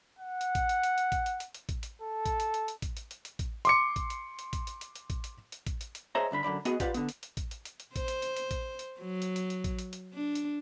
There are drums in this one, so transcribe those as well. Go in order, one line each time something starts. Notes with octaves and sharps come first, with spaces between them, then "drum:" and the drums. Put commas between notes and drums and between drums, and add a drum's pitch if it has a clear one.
F#5
drum: hi-hat
drum: kick A1, hi-hat
drum: hi-hat
drum: hi-hat
drum: hi-hat
drum: kick A1, hi-hat
drum: hi-hat
drum: hi-hat
drum: hi-hat
drum: kick A1, hi-hat
drum: hi-hat
A4
drum: kick A1, hi-hat
drum: hi-hat
drum: hi-hat
drum: hi-hat
drum: kick A1, hi-hat
drum: hi-hat
drum: hi-hat
drum: hi-hat
drum: kick A1, hi-hat
C6 D6 C#7, drum: hi-hat
drum: kick A1, hi-hat
drum: hi-hat
drum: hi-hat
drum: kick A1, hi-hat
drum: hi-hat
drum: hi-hat
drum: hi-hat
drum: kick A1, hi-hat
drum: hi-hat
drum: hi-hat
drum: kick A1, hi-hat
drum: hi-hat
drum: hi-hat
G#4 C5 C#5 D#5 E5 A#5
G2 D3 D4 B5
F#2 D3 D5 B5
B3 F#4 G#4 D#5 G#5, drum: hi-hat
F4 G4 B4 D5 F5 F#5, drum: kick A1, hi-hat
D3 B3, drum: hi-hat
drum: hi-hat
drum: hi-hat
drum: kick A1, hi-hat
drum: hi-hat
drum: hi-hat
drum: hi-hat
C5, drum: kick A1, hi-hat
drum: hi-hat
drum: hi-hat
drum: hi-hat
drum: kick A1, hi-hat
drum: hi-hat
F#3
drum: hi-hat
drum: hi-hat
drum: hi-hat
drum: kick A1, hi-hat
drum: hi-hat
drum: hi-hat
D4
drum: hi-hat